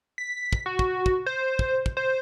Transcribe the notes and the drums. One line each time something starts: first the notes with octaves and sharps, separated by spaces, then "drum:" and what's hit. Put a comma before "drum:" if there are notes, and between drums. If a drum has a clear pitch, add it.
B6
drum: kick
F#4
drum: kick
drum: kick
C5
drum: kick
drum: kick
C5